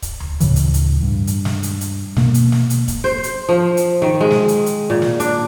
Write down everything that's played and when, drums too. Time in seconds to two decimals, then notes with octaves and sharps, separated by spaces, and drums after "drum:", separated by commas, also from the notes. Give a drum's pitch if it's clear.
0.02 drum: kick, hi-hat
0.20 drum: tom D2
0.40 D2 A2 C#3 E3, drum: hi-hat
0.56 drum: hi-hat
0.74 drum: hi-hat
1.02 G2
1.27 drum: hi-hat
1.45 drum: snare
1.63 drum: hi-hat
1.81 drum: hi-hat
2.16 B2 A#3, drum: snare
2.34 drum: hi-hat
2.52 drum: snare
2.70 drum: hi-hat
2.88 drum: kick, hi-hat
3.04 C5
3.23 drum: hi-hat
3.49 F3
3.77 drum: hi-hat
4.02 D#3
4.21 G#3
4.31 drum: snare
4.48 drum: hi-hat
4.66 drum: hi-hat
4.90 A#2
5.02 drum: snare
5.20 D4, drum: hi-hat